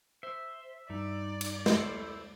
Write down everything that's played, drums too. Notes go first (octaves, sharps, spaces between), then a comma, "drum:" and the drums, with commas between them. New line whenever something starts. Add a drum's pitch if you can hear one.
C5 E5
G2 D#4 D5
drum: cymbal
E4 A4 A#4 C5, drum: snare